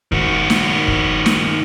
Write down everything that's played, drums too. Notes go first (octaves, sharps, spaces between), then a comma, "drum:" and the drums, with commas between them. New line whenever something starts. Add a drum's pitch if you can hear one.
D#3 F#4, drum: kick
drum: snare
drum: kick
drum: snare